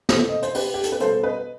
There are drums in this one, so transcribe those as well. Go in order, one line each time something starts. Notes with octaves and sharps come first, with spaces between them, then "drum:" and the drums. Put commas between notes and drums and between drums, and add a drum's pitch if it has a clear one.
C3 E3 A3 A4 C5, drum: snare
D#5
C5, drum: hi-hat
G4 B4, drum: open hi-hat
G4
A4, drum: hi-hat
B4
B2 G3 B3 A4 C5, drum: hi-hat
B4 D#5